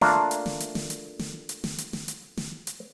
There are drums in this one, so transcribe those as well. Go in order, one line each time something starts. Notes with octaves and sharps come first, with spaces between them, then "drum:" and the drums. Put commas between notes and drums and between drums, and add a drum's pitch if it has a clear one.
A3 A#3 D4 F4 A#4, drum: snare
drum: hi-hat
drum: snare
drum: hi-hat
drum: snare
drum: hi-hat
drum: snare
drum: hi-hat
drum: snare
drum: hi-hat
drum: snare
drum: hi-hat
drum: snare
drum: hi-hat